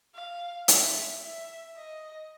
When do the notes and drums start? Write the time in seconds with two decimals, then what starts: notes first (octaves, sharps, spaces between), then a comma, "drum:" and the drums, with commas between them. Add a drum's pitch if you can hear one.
0.14 F5
0.68 E5, drum: hi-hat
1.22 E5
1.76 D#5